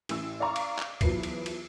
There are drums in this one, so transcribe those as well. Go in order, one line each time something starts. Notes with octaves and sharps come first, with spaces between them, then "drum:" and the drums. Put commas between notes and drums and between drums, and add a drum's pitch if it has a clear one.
A1 A2 E6, drum: cymbal
D5 F5 A#5 C#6 D6
drum: cymbal
drum: clap
E2 F3 F#3 B4 C7, drum: kick, cymbal
drum: cymbal
drum: cymbal